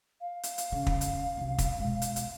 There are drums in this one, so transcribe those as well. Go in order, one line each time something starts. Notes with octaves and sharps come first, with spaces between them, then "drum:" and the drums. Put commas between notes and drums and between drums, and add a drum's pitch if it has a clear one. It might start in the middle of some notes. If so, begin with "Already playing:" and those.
F5
drum: hi-hat
drum: hi-hat
C#3
drum: kick
drum: hi-hat
C2 F#2
drum: kick, hi-hat
B2 G#3
drum: hi-hat
drum: hi-hat